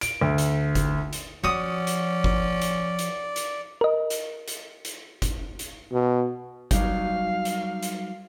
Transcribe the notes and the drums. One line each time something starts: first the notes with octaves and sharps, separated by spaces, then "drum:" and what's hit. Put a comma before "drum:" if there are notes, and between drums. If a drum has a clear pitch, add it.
D7, drum: hi-hat
D2
drum: hi-hat
drum: kick G1, hi-hat
drum: hi-hat
F3 C#4 F#4 D5 D#6
drum: hi-hat
drum: kick G1
drum: hi-hat
drum: hi-hat
drum: hi-hat
A#4 D#5
drum: hi-hat
drum: hi-hat
drum: hi-hat
drum: kick G1, hi-hat
drum: hi-hat
B2
F#3 G3 D#4 F5, drum: kick G1, hi-hat
drum: hi-hat
drum: hi-hat